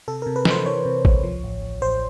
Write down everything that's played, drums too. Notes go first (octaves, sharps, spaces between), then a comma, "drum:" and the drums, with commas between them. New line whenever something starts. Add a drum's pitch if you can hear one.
C3 A4
C3 A#4
B4
E3, drum: snare
C5
E3 C#5
C3
C#2, drum: kick
F3
A1
A1
A1 C5